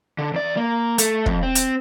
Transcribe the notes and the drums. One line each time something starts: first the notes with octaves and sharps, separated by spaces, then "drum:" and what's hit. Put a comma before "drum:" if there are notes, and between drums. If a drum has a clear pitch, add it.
D3
E2 D5
A#3
A3, drum: hi-hat
F2, drum: kick
C4
drum: hi-hat